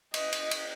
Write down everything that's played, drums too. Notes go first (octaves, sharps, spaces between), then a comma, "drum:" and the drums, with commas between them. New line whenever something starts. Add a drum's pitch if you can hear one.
D#5, drum: cymbal
drum: cymbal
drum: cymbal